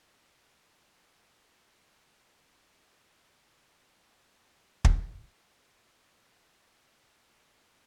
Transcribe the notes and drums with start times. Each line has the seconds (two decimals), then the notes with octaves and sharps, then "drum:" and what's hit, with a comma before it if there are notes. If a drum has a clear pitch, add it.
0.20 A#5 D6 F#6
0.50 A2
1.77 G#1 E2 C6
2.70 A#4 F5 C6 D6
3.30 G#3 C#4
4.85 drum: kick
5.63 G#3 A#3 C4 A#4 D5 G5
6.01 G#1 A#2 C#4 A#4 C#5
6.20 F4 G#4 A#4 C#5
7.52 G#4 A4 C5 A5